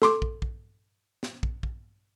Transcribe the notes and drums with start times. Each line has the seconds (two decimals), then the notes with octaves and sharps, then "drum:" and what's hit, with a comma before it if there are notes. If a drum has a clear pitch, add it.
0.02 A4 C6 D6, drum: snare
0.22 drum: kick
0.42 drum: kick
1.23 drum: snare
1.43 drum: kick
1.63 drum: kick